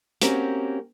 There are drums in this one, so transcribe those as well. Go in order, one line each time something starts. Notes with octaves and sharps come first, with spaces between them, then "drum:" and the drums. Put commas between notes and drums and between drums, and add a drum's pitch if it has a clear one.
A#3 C4 C#4 F#4 G4 A#4, drum: hi-hat